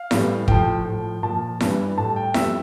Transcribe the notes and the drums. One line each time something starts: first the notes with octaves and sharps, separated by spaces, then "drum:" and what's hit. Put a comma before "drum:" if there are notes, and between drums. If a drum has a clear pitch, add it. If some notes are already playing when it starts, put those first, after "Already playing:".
Already playing: F5
A2 E3 G3, drum: snare E4
A2 F3 G5, drum: kick
A2 F3
A#2 F3 A5
G2 E3 G3, drum: snare E4
A2 G3 A5
G5
F2 E3 G3 E5, drum: snare E4